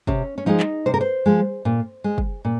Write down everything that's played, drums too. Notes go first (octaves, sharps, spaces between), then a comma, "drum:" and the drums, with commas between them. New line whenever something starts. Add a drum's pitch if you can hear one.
C3 C#4, drum: kick
C#4
F3 G#3 D#4
drum: clap
C3 C5
A#4
C5
F3 G#3
A#2
G#3
drum: kick
A#2